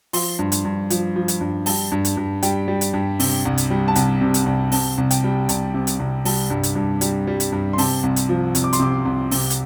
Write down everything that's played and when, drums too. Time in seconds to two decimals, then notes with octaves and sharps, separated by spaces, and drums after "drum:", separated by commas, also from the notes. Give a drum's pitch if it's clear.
0.13 F3 C6, drum: open hi-hat
0.39 G2
0.52 drum: hi-hat
0.65 G2
0.90 F3, drum: hi-hat
1.16 F3
1.28 drum: hi-hat
1.41 G2
1.66 G3 A5, drum: open hi-hat
1.92 G2
2.05 drum: hi-hat
2.17 G2
2.43 G3 G5, drum: hi-hat
2.68 G3
2.81 drum: hi-hat
2.94 G2
3.20 C3, drum: open hi-hat
3.45 C2
3.58 drum: hi-hat
3.70 G3
3.88 A5
3.95 C2 G5, drum: hi-hat
4.21 C3
4.34 drum: hi-hat
4.46 C2
4.72 C3 A5, drum: open hi-hat
4.98 C2
5.11 G5, drum: hi-hat
5.24 G3
5.49 C2 A5, drum: hi-hat
5.74 C3
5.87 drum: hi-hat
6.00 C2
6.25 G3 A5, drum: open hi-hat
6.50 G2
6.63 drum: hi-hat
6.76 G2
7.01 G3, drum: hi-hat
7.27 G3
7.40 drum: hi-hat
7.52 G2
7.73 C6
7.78 C3 A5, drum: open hi-hat
8.03 C2
8.16 drum: hi-hat
8.29 F3
8.55 C2, drum: hi-hat
8.64 D6
8.73 C6, drum: hi-hat
8.80 C3 D6
9.05 C2
9.31 C3, drum: open hi-hat
9.50 drum: hi-hat